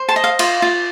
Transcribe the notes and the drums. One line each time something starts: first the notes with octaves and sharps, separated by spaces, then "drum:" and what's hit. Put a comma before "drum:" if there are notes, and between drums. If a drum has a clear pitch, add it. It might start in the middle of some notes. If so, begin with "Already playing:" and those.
Already playing: C5
A5 C6
D#5
F5
F4 F5, drum: cymbal
F4